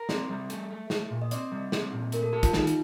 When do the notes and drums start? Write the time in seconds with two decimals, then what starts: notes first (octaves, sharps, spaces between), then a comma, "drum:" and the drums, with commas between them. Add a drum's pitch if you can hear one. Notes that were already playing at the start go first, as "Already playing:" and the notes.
Already playing: A#4
0.09 C4 D5, drum: snare
0.29 G3
0.50 A3, drum: hi-hat
0.70 A3
0.90 A3, drum: snare
1.11 A#2
1.22 D#5
1.31 C4 D5, drum: hi-hat
1.52 G3
1.72 C4, drum: snare
1.93 A#2
2.12 A3 A#4, drum: hi-hat
2.23 A4
2.33 G4 A4
2.43 F4, drum: kick, hi-hat
2.53 D#3 D#4, drum: snare
2.67 drum: hi-hat